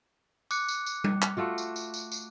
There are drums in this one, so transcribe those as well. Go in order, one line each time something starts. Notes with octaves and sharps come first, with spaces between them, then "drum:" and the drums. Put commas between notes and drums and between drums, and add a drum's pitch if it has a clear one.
D6 F#6 C#7, drum: tambourine
drum: tambourine
drum: tambourine
drum: tom G3
drum: clap
A3 F4 F#4
drum: tambourine
drum: tambourine
drum: tambourine
drum: tambourine